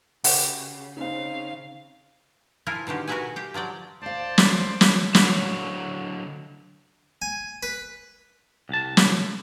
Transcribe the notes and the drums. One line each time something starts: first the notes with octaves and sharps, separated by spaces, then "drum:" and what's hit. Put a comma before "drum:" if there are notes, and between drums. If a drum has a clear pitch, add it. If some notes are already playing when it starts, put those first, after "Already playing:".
C#3 F#4 G4, drum: open hi-hat
C4 D#4 F5
F3 E4 F4 A#4 G#5
B2 D3 D#3 G4
F#4 A#4 B4 E5 F#5 G#5
G4 G5
F3 F#3 D5 G5
D2 C5 D5 F5 A5
drum: snare
drum: snare
D3 F#3, drum: snare
G#5
B4
C2 A5
drum: snare